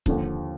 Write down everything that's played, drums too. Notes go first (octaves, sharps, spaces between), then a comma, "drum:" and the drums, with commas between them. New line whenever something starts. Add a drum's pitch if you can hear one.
D#2 D3 F3, drum: kick